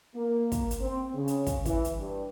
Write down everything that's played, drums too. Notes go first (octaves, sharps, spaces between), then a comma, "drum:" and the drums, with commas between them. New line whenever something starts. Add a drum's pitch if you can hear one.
A#3
drum: kick, hi-hat
drum: hi-hat
C4
C#3
drum: hi-hat
drum: kick, hi-hat
E3, drum: kick, hi-hat
drum: hi-hat
G2